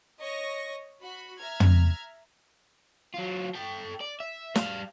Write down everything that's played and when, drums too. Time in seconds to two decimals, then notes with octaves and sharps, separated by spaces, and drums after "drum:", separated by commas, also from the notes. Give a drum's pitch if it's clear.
0.22 C#5 D#5 C#6 A#6
1.01 F#4 B5
1.38 E5 A#5 F6 G#6
1.60 drum: tom
3.14 F#3 F4
3.55 A4 G5
4.01 D5
4.20 E5
4.55 G3 F5, drum: snare